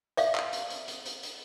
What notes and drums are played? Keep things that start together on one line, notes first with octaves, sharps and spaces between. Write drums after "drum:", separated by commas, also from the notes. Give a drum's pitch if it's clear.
D5 E5 F5, drum: hi-hat
drum: clap
drum: hi-hat
drum: hi-hat
drum: hi-hat
drum: hi-hat
drum: hi-hat